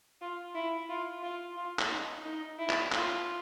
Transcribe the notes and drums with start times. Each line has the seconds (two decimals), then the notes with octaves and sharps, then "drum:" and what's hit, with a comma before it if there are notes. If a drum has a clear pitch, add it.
0.21 F4
0.55 E4
0.89 F4
1.23 F4
1.57 F4
1.79 drum: clap
1.91 D#4
2.25 D#4
2.59 E4
2.70 drum: clap
2.92 F4, drum: clap